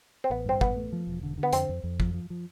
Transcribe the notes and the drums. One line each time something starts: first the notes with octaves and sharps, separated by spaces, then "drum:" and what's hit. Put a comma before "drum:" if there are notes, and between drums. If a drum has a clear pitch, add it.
C4
A1 B3
G2 C4
A1 B3, drum: kick
A3
F3
E1
D3
D3
B3
F2 C4, drum: hi-hat
F2
F2
F3, drum: kick
F3
F3